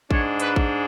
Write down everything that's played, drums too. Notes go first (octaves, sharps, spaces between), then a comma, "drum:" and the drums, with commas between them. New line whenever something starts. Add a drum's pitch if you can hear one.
G#2 G#3 D4 C#5, drum: kick A1
B4, drum: hi-hat
drum: kick A1